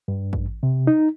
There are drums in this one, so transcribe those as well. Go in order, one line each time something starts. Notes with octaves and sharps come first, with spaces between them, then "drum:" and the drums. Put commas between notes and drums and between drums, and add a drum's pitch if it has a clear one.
G2
drum: kick
C3
D#4